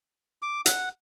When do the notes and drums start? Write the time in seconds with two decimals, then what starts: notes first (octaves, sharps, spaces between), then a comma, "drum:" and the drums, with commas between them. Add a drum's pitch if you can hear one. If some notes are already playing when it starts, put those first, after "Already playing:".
0.42 D6
0.66 F#5, drum: hi-hat